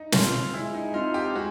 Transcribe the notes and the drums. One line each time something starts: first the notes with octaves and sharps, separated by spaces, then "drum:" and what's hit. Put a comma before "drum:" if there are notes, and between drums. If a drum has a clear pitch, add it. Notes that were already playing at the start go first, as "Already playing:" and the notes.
Already playing: D#4
C4 F4, drum: snare
G#3 E4
D#4
C4 D#4 F4
G4
G#3 F#4